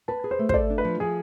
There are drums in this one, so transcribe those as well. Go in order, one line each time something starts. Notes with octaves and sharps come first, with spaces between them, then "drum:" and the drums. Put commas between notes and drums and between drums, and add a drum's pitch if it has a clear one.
B4 A5
G#4
C5
A3
C5, drum: kick
A4 D5
D4
B4
F3
F3 G#4